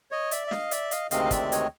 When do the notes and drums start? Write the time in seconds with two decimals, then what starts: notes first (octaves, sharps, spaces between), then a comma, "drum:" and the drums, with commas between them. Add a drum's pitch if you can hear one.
0.11 C#5 D#5
0.31 D5 E5, drum: hi-hat
0.47 E5
0.51 D#5 F5, drum: snare
0.71 D5 E5, drum: hi-hat
0.91 D#5 F5, drum: hi-hat
1.11 D2 C3 D#3 G#3 C4 D#5 F5, drum: hi-hat
1.25 F5
1.31 D5 E5, drum: kick, hi-hat
1.52 C#5 D#5, drum: hi-hat